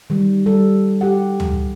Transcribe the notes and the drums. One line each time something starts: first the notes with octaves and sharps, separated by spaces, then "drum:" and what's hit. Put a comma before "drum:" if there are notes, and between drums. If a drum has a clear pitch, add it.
D#3 G3
G3 A4
G4 F#5
drum: tom